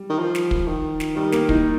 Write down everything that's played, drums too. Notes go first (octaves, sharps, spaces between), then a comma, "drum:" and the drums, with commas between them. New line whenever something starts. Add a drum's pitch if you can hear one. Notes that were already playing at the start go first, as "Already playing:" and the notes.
Already playing: G3
D#3
F3
drum: snare
drum: kick
D#3
drum: snare
D#3 G3
A#3, drum: snare
D#4, drum: kick